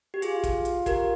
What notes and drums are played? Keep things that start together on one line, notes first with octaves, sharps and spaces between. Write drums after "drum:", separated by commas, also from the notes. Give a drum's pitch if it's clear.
G4
F4 G#4, drum: hi-hat
drum: kick, hi-hat
drum: hi-hat
G4 A#4, drum: kick, hi-hat